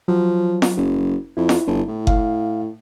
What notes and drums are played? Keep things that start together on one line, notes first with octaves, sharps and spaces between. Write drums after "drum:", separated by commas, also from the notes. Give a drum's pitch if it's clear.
F3 F#3
drum: snare F4
F#1
F2 E4
drum: snare F4
G1
A2
F5, drum: kick F#1